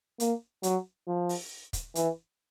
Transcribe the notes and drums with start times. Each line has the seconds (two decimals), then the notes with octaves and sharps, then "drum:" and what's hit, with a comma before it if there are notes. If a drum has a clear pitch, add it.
0.20 A#3, drum: hi-hat
0.63 F#3, drum: hi-hat
1.08 F3
1.29 drum: open hi-hat
1.73 drum: kick, hi-hat
1.95 E3, drum: hi-hat